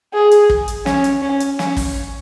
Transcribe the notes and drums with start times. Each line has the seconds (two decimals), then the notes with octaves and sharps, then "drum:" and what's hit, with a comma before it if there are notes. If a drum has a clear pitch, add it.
0.14 G#4
0.31 drum: hi-hat
0.50 drum: kick
0.68 drum: hi-hat
0.86 C#4, drum: snare
1.04 drum: hi-hat
1.22 C#4
1.40 drum: hi-hat
1.59 C#4, drum: snare
1.77 drum: kick, open hi-hat